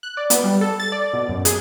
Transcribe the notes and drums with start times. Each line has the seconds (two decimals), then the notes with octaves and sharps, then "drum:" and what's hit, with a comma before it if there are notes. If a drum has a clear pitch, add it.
0.03 F#6
0.17 D5
0.30 B3, drum: hi-hat
0.44 G3
0.61 A4
0.80 A6
0.92 D5
1.13 B2
1.29 F#2
1.45 G#4, drum: hi-hat